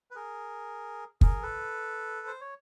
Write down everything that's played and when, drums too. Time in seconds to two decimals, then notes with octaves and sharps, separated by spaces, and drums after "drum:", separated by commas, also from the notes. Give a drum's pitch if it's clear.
0.11 B4
0.15 G#4 A#4
1.21 G#4 A#4, drum: kick
1.42 A4 B4
2.27 C5
2.41 C#5